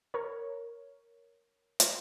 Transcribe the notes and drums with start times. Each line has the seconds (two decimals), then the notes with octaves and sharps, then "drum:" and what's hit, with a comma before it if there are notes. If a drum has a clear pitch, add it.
0.14 A#4 C#5
1.80 drum: hi-hat